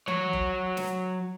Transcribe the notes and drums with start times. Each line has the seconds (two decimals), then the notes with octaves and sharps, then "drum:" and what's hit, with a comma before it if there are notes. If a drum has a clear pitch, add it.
0.08 F#3 C#5, drum: tom E3
0.33 drum: kick F#1
0.77 drum: snare